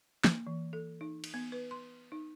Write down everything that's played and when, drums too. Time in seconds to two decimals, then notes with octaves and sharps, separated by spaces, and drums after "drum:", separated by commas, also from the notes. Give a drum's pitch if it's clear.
0.24 A#3, drum: snare
0.47 E3
0.73 A4
1.01 D#4
1.24 drum: cymbal
1.34 B3
1.52 B4
1.71 C6
2.12 D#4